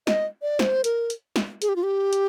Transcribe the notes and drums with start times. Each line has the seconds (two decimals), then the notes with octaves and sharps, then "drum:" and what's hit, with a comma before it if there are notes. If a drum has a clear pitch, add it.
0.07 D#5, drum: snare
0.42 D5
0.59 C5, drum: snare
0.84 A#4, drum: hi-hat
1.10 drum: hi-hat
1.36 drum: snare
1.62 G#4, drum: hi-hat
1.69 G4
1.76 F4
1.83 G4
2.13 drum: hi-hat